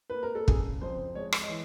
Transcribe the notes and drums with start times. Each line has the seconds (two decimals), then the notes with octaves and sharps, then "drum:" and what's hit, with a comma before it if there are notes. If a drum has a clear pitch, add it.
0.10 A#3 B4
0.23 A#4
0.35 A4
0.48 C#3 G#4, drum: kick
0.82 F2 C5
1.15 G#3 C#5
1.33 drum: rim click
1.42 D#5
1.49 E3